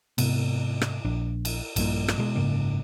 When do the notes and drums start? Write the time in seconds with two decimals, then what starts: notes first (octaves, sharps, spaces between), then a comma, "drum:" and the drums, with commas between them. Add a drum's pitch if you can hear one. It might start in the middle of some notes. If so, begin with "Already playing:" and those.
0.18 G#2 C3 B3, drum: cymbal
0.81 drum: rim click
1.05 A#1 D4
1.45 drum: cymbal
1.76 A#1 G2 A#2, drum: cymbal
2.08 drum: rim click
2.18 B2 G#3
2.36 F#1 G#2 C#3 A#3